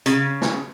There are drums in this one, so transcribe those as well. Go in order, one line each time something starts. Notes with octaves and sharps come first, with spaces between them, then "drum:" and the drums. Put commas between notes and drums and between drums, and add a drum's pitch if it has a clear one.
C#3, drum: hi-hat
drum: snare